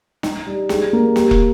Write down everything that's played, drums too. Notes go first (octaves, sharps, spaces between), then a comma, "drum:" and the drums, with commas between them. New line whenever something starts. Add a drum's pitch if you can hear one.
D#4, drum: snare
G3
G#4, drum: snare
A#3
G4, drum: snare
drum: kick